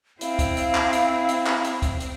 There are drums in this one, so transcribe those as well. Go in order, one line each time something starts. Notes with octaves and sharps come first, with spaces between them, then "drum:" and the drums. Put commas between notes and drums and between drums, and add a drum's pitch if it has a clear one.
C4 E4 F5, drum: hi-hat
drum: kick C#2, hi-hat
drum: hi-hat
drum: clap
drum: hi-hat
drum: hi-hat
drum: clap
drum: hi-hat
drum: kick C#2, hi-hat
drum: hi-hat